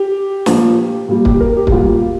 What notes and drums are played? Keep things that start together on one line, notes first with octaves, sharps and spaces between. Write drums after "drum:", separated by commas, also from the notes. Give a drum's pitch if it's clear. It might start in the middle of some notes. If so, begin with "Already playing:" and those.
Already playing: G4
A#2 F3 A#3, drum: snare
A#2 G3 A#3
G4, drum: kick
A#4
G4
G4, drum: kick
A#2 G3 A#3 F4